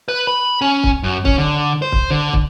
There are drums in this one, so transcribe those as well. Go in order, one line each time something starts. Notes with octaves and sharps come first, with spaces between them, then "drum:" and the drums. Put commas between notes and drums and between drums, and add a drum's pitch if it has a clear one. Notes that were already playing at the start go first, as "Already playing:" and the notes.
B4
B5
C#4
drum: kick
F#2
C#4, drum: kick
D3
C5
drum: kick
D3
drum: kick